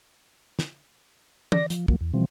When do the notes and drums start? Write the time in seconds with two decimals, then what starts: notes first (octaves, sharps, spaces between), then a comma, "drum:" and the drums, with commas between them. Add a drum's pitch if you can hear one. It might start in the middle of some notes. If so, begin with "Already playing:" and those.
0.59 drum: snare
1.52 D5 A#6, drum: tom
1.70 F3, drum: hi-hat
1.88 D#2 F3 F#3 A#3, drum: kick
2.01 E2
2.14 B2 E3 F3 G3 C4